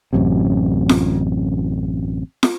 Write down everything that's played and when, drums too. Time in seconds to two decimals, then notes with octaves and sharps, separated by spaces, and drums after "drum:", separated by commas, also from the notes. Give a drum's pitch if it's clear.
0.13 A1 F#2 C3
0.89 drum: snare
2.43 drum: snare